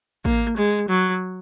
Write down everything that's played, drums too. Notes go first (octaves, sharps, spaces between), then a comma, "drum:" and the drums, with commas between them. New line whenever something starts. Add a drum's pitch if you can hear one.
A#3, drum: kick A1
G#3
F#3